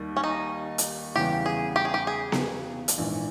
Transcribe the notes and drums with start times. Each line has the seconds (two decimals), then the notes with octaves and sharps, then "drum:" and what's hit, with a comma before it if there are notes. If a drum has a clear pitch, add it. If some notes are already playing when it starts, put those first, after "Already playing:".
Already playing: D#2 D#3 G3
0.17 C#4
0.24 D#4
0.78 drum: hi-hat
1.15 E2 C#3 E3 G3 B3 G4
1.46 G#4
1.76 G4
1.85 G#4
1.94 G4
2.07 G#4
2.32 drum: snare B3
2.88 drum: hi-hat
2.98 A#1 G#2 E3